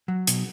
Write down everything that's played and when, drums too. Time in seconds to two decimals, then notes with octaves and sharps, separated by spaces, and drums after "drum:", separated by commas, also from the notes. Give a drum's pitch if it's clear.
0.08 F#3
0.27 B2, drum: hi-hat